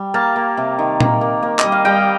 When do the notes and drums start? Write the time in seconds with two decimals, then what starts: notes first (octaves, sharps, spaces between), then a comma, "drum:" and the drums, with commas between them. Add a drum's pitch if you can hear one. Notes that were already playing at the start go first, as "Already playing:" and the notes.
Already playing: G3
0.14 A#3 F5 A5
0.36 A#3
0.57 C3
0.79 D#3
1.00 A#3, drum: tom A#2
1.21 A#3
1.43 A#3
1.59 G3 D#5, drum: clap
1.72 F5
1.85 G3 D#5 G5